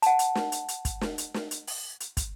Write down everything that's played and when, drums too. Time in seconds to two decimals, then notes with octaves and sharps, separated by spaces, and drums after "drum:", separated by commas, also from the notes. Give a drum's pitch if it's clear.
0.02 F#5 A5, drum: hi-hat
0.19 drum: hi-hat
0.35 drum: snare
0.52 drum: hi-hat
0.68 drum: hi-hat
0.85 drum: kick, hi-hat
1.01 drum: snare
1.18 drum: hi-hat
1.34 drum: snare
1.51 drum: hi-hat
1.67 drum: open hi-hat
2.00 drum: hi-hat
2.17 drum: kick, hi-hat